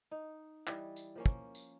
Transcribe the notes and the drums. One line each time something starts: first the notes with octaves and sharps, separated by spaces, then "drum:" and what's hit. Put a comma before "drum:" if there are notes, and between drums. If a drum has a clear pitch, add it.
D#4
E3 G3 D#5, drum: clap
drum: tambourine
F3 A#3 C#4
drum: kick
drum: tambourine